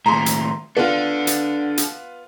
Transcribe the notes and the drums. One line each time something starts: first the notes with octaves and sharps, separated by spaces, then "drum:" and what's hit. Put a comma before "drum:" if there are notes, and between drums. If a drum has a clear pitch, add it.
D#2 A2 A#5 C6
drum: hi-hat
B3 D4 F4 A4
drum: hi-hat
drum: hi-hat